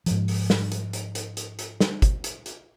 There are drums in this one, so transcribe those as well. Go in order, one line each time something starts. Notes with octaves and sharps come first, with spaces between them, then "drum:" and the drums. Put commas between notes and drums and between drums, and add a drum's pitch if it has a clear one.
G#2 F3, drum: hi-hat
drum: open hi-hat
drum: snare
drum: hi-hat
drum: hi-hat
drum: hi-hat
drum: hi-hat
drum: hi-hat
drum: snare
drum: kick, hi-hat
drum: hi-hat
drum: hi-hat